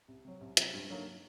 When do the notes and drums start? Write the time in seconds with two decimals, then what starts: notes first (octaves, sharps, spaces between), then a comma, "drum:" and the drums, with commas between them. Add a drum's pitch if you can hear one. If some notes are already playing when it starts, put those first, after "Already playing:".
0.08 C2
0.25 C3 F#3
0.41 C2
0.57 C3 F#3, drum: hi-hat
0.73 G2
0.90 D3 F#3 A#3 D#4